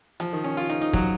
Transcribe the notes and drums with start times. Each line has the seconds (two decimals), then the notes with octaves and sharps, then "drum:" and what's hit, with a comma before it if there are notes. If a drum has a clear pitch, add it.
0.20 F3, drum: hi-hat
0.33 D#3
0.44 C#4
0.57 F4
0.70 D#4, drum: hi-hat
0.81 D#4
0.93 F#3, drum: kick